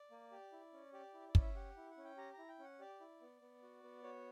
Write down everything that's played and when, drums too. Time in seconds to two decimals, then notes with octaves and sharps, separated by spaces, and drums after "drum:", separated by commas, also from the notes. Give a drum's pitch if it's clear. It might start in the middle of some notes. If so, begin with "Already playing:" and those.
Already playing: D5
0.11 A#3
0.32 G4
0.52 E4
0.73 C#4
0.93 G4 D5
1.14 E4
1.28 D5
1.35 C#4, drum: kick
1.42 E5
1.55 G4 F#5
1.77 E4
1.91 F#5
1.97 C#4
2.04 G5
2.17 G4 A#5
2.33 A#5
2.38 E4
2.49 G5
2.59 C#4 F#5
2.80 G4 D5
3.00 E4
3.21 B3
3.42 B3
3.62 F#4
3.83 B3
4.04 F#4 C#5